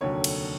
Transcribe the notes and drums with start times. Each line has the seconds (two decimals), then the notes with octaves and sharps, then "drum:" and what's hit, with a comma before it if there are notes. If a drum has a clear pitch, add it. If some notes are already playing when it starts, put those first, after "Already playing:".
0.01 F1 D#2 D3 F#3 C#5
0.24 drum: cymbal